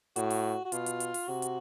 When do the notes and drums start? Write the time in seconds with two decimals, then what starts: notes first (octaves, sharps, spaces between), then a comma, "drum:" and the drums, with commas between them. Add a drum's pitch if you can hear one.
0.16 A2 F#4, drum: hi-hat
0.30 drum: open hi-hat
0.65 F#4
0.72 B2 F4, drum: hi-hat
0.86 drum: hi-hat
1.00 drum: hi-hat
1.14 drum: open hi-hat
1.28 C3 F#4
1.42 drum: hi-hat